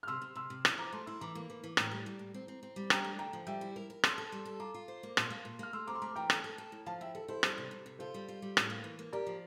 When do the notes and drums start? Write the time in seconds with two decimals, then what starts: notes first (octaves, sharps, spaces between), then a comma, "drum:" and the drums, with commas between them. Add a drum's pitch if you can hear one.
0.03 F6
0.07 C3 C6 E6
0.22 C3
0.36 C3 C6 E6
0.50 C3
0.65 E4, drum: rim click
0.78 F3 A#5 D6
0.93 A3 A5 C6
1.06 E4 C6 E6
1.21 E3 A#5 D6
1.35 A#3
1.50 E3
1.64 E3
1.77 A2 G5 A#5, drum: rim click
1.92 G3
2.06 G3
2.19 A2
2.34 C4
2.48 C4
2.63 C4
2.76 G3
2.90 D4 G5 A#5, drum: rim click
3.05 A3
3.19 D3 G5 A#5
3.33 F3
3.47 G3 E5 G5
3.61 E4
3.76 A#4
3.90 A#4
4.04 A4 C6 E6, drum: rim click
4.18 A4
4.32 G3
4.45 A4
4.60 F4 A#5 D6
4.74 F4
4.88 C5
5.03 A#3
5.17 A#2 A5 C6, drum: rim click
5.30 A#3
5.45 A#2
5.59 A#3 F6
5.73 A3 C6 E6
5.87 C4 A#5 D6
5.95 C6
6.02 A3 A#5 D6
6.16 E3 G5 A#5
6.30 A4, drum: rim click
6.44 A4
6.58 A4
6.72 A2
6.86 F3 F5 A5
7.01 E4 E5 G5
7.15 E4 A4
7.28 E4 A4 C5
7.43 G3 A4 C5, drum: rim click
7.58 C3
7.71 C3
7.86 C3
7.99 F4 A4 C5
8.14 G3
8.28 F4
8.42 G3
8.57 A2, drum: rim click
8.70 A#3
8.84 E3
8.99 A#3
9.13 G4 A#4 D5
9.27 F3